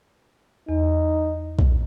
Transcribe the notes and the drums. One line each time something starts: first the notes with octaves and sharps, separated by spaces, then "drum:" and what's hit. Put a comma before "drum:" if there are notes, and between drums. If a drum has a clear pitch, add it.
E2 D#4
drum: kick